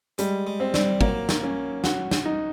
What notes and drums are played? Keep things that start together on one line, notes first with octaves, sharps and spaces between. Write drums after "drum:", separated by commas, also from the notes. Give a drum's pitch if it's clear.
G3 G#3, drum: hi-hat
G#3
C4
G3, drum: snare
F#3 A#3, drum: kick
drum: snare
C#4
F#4, drum: snare
drum: snare
D#4